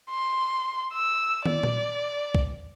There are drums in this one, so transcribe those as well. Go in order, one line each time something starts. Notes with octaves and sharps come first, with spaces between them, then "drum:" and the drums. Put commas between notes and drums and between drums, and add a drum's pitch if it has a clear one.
C6
E6
D5, drum: tom
drum: tom A#2
drum: kick